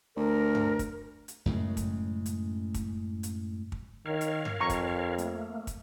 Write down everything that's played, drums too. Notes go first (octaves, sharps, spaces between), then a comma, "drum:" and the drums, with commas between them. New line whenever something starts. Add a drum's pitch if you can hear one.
D2 A#4
drum: tom G2
drum: kick, hi-hat
drum: hi-hat
F#2 A2 C#3 G#3
drum: kick, hi-hat
drum: hi-hat
drum: kick, hi-hat
drum: hi-hat
drum: kick
D#3 A#4 C#5 F5
drum: hi-hat
drum: tom G2
F2 A#5 C#6
drum: kick, hi-hat
A3 A#3, drum: hi-hat
drum: kick, hi-hat